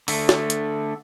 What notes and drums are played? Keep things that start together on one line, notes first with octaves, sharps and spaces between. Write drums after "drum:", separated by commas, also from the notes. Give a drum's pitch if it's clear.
D3 A3, drum: open hi-hat
drum: snare
drum: hi-hat